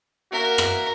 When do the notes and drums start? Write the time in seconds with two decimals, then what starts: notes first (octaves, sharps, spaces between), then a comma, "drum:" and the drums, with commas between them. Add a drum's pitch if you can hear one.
0.32 A#3 F#4 A#4 E5
0.58 drum: rim click